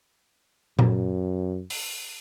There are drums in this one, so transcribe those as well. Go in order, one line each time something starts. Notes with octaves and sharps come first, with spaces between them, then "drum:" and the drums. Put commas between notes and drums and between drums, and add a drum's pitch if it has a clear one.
F#2, drum: tom A#2
drum: open hi-hat